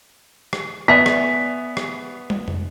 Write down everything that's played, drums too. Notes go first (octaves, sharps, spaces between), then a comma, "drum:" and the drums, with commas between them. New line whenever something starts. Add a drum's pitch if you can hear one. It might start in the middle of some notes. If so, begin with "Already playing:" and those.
drum: rim click
B3 D5 E5 G#5 B6
drum: rim click
drum: rim click
drum: tom
drum: tom